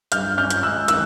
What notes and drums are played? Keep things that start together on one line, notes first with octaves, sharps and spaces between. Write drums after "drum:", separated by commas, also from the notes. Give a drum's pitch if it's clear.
G2 F6 G6, drum: hi-hat
C#4 F6 G6
drum: hi-hat
G#3 E6 F#6
D#3 E6 F#6, drum: hi-hat